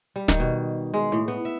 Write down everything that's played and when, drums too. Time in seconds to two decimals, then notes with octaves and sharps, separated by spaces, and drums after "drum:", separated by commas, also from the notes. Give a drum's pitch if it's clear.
0.16 G3
0.28 D#3, drum: snare
0.40 B2
0.94 G#3
1.12 A2
1.28 B3
1.45 E5